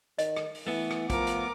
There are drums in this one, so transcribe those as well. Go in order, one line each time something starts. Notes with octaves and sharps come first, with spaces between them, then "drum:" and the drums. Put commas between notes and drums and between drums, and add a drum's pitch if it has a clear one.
D#3 D#5, drum: hi-hat
drum: rim click
drum: open hi-hat
E3 A3 B3
drum: rim click
F3 A#4 D6, drum: kick, hi-hat
drum: hi-hat